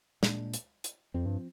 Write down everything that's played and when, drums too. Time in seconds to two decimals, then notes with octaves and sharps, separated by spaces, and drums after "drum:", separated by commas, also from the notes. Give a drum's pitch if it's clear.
0.23 A#2 G#3 D4, drum: snare
0.54 drum: hi-hat
0.84 drum: hi-hat
1.14 F2 F3 C4
1.26 G2